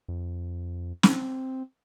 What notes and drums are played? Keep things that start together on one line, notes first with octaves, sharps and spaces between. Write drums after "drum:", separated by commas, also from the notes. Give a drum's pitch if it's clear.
F2
C4, drum: snare